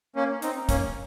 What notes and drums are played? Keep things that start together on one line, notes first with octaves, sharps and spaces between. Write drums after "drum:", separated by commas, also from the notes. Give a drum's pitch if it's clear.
A#3 C#4
C4 D#4, drum: hi-hat
A#3 C#4, drum: kick, hi-hat